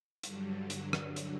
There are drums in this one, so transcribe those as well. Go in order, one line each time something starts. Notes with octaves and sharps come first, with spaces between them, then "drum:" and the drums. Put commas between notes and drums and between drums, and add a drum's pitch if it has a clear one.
G2 D3 F#3 G3, drum: hi-hat
drum: hi-hat
drum: rim click
drum: hi-hat